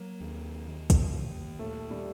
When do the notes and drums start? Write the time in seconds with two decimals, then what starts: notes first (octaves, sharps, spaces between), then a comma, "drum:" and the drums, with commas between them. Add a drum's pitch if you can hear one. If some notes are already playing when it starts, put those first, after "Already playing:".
Already playing: F#3 A#3
0.20 D#2
0.67 D#3
0.90 drum: kick, hi-hat
1.14 D#2
1.59 A#2 A3
1.91 G3